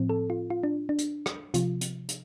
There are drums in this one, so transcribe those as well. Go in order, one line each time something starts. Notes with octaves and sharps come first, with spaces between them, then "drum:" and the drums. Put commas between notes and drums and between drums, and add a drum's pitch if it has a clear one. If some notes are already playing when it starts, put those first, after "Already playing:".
Already playing: A2 F3 C4
A4
F4
F4
D4
D4
drum: hi-hat
drum: rim click
C3 F3 F4, drum: hi-hat
drum: hi-hat
drum: hi-hat